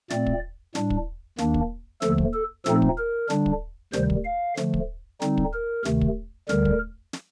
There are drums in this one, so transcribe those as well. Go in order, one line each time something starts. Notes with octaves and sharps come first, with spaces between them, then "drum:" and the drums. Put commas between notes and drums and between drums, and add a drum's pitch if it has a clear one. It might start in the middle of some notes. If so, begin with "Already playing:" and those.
A#2 A3 C4 D5, drum: snare
drum: kick
A2 G3 D4, drum: snare
drum: kick
D#2 D#3 A#3 D4, drum: snare
drum: kick
D#2 D3 F3 A3 A4, drum: snare
drum: kick
A4
A#2 F3 A3 C4 D#4 A4, drum: snare
drum: kick
A#4
D3 G3 D4, drum: snare
drum: kick
D2 C3 D#3 G3 C5, drum: snare
drum: kick
F5
D3 F3 A3, drum: snare
drum: kick
D3 G3 C4 D#4, drum: snare
drum: kick
A#4
D2 C3 D#3 A3, drum: snare
drum: kick
D2 D3 G3 A#4, drum: snare
drum: kick
drum: snare